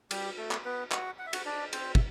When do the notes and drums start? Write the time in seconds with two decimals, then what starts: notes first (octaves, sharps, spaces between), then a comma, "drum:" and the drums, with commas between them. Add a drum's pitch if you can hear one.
0.11 G3 G4, drum: cymbal
0.37 A3 A4
0.51 drum: clap
0.65 B3 B4
0.92 F#4 F#5, drum: clap
1.19 F#5
1.26 E5
1.33 F#4 F#5, drum: cymbal
1.46 D4 D5
1.73 C4 C5, drum: cymbal
1.95 E5, drum: kick